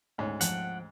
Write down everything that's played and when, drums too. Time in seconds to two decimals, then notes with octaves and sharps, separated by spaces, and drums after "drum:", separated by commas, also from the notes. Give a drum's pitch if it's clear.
0.18 D2 G#2 C#4
0.41 F3 F#5 G5, drum: hi-hat